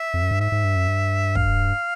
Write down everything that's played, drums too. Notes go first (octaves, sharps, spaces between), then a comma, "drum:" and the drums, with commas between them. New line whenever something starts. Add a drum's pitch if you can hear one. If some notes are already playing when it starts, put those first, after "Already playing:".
Already playing: E5
F2
F#2
G2
G#2 E5
G#2
G2
F#2
G2
F5, drum: kick